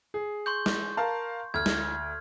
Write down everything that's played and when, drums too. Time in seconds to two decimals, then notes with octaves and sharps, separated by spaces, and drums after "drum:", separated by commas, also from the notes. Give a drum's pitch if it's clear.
0.14 G#4
0.46 C6 C#6 G6
0.66 drum: snare
0.97 A#4 F5 A5
1.54 D2 F6 G#6
1.66 drum: snare